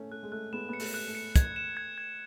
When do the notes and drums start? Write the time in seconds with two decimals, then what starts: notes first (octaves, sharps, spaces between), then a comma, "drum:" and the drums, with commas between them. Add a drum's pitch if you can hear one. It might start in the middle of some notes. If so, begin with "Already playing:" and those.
Already playing: A3 C#4
0.11 A3 F#6
0.23 G#3
0.32 A3 F#6
0.52 G#3 B3 E7
0.69 B3 C#7
0.80 A3, drum: open hi-hat
0.94 F#6
1.08 A3
1.15 C#7
1.36 G#6, drum: kick, hi-hat
1.56 E7
1.77 G#6
1.98 G#6